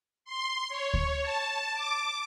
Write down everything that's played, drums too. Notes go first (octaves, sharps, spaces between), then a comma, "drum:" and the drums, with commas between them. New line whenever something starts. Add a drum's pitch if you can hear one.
C6
C#5
drum: kick D2
A5
D6